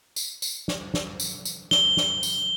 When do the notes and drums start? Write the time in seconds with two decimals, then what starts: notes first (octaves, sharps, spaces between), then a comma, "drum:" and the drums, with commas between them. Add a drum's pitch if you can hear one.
0.16 drum: tambourine
0.42 drum: tambourine
0.68 drum: snare
0.94 drum: snare
1.20 drum: tambourine
1.45 drum: tambourine
1.71 G7, drum: snare
1.97 drum: snare
2.23 drum: tambourine